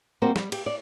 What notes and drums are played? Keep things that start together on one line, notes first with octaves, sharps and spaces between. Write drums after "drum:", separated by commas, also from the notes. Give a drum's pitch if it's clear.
G3 A#3 C4 F#4 A#4 C5
G3, drum: snare
G4, drum: cymbal
D5